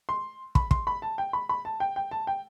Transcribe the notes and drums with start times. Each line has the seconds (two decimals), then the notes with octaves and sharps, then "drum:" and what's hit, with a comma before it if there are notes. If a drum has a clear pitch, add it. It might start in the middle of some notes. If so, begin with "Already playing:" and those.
0.09 C6
0.55 B5, drum: kick
0.71 C6, drum: kick
0.87 B5
1.02 A5
1.18 G5
1.33 B5
1.49 B5
1.65 A5
1.80 G5
1.96 G5
2.11 A5
2.27 G5